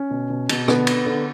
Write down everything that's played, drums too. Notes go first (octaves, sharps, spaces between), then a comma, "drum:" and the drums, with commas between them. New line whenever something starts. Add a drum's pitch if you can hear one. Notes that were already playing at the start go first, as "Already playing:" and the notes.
Already playing: C#4
B2
B2
B2, drum: cymbal
D3 B3, drum: rim click
D3, drum: cymbal
D3